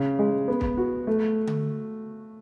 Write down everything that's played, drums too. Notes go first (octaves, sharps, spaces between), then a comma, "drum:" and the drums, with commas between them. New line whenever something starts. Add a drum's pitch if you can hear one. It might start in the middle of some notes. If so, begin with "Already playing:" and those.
Already playing: C#3
G#3
B3
drum: kick
F#4
A3
drum: tom D3